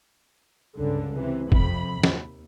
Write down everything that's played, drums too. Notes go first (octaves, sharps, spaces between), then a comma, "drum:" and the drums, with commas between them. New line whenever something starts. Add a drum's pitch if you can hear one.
C#2 G2 D3
C3 E3
F2 C3 B5, drum: kick
D#2, drum: snare